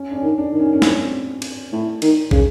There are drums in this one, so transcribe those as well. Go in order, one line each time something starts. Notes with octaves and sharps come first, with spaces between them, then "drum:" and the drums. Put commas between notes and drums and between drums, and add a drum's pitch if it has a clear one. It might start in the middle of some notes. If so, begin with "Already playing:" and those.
Already playing: C#4
D4
C#4
D#3
D4
D#3
C#4
C#4
C4, drum: snare
drum: cymbal
A2
D#3, drum: cymbal
C#3, drum: kick